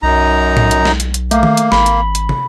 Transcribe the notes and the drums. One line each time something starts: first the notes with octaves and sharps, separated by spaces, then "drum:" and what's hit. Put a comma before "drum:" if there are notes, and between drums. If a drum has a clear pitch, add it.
B1 F#2 D#4 A#5
drum: tom A2
drum: hi-hat
drum: snare
drum: hi-hat
drum: hi-hat
A3 A#3 F5, drum: hi-hat
drum: tom D#3
drum: hi-hat
G#1 B5, drum: snare
drum: hi-hat
drum: hi-hat
drum: tom